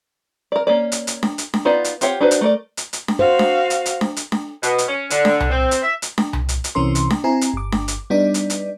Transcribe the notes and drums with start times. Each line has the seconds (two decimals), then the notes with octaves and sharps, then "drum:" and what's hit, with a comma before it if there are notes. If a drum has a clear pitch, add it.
0.52 A#4 D5
0.67 A#3 C#4 D5
0.92 drum: hi-hat
1.07 drum: hi-hat
1.23 drum: snare D4
1.38 drum: hi-hat
1.54 drum: snare D4
1.65 B3 D#4 F4 D5 F#5
1.84 drum: hi-hat
2.01 C4 F4 G4 C#5 F#5, drum: hi-hat
2.21 D4 D#4 F#4 B4 C5
2.31 drum: hi-hat
2.41 A3 A#4 C#5 D5
2.77 drum: hi-hat
2.93 drum: hi-hat
3.08 drum: snare D4
3.19 F#4 C5 F5
3.39 drum: snare D4
3.70 drum: hi-hat
3.86 drum: hi-hat
4.01 drum: snare D4
4.17 drum: hi-hat
4.32 drum: snare D4
4.63 B2, drum: hi-hat
4.78 drum: hi-hat
4.87 C#4
5.10 D3, drum: hi-hat
5.25 drum: snare D4
5.40 drum: tom C2
5.50 C4
5.71 drum: hi-hat
5.82 E5
6.02 drum: hi-hat
6.18 drum: snare D4
6.33 drum: tom C2
6.49 drum: hi-hat
6.64 drum: hi-hat
6.75 C2 C3 E3 C#4 A#4 C6
6.95 drum: hi-hat
7.10 drum: snare D4
7.24 C4 E4 G#5 A#5
7.41 drum: hi-hat
7.54 G1 D6
7.72 drum: snare D4
7.88 drum: hi-hat
8.10 G3 B3 D4 D#4 D5
8.34 drum: hi-hat
8.50 drum: hi-hat